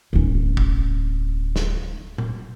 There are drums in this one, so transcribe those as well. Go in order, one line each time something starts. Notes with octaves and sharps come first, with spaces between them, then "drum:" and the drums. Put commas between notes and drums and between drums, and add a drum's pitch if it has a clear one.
D1 C#4
drum: kick G1
drum: snare
drum: tom A#2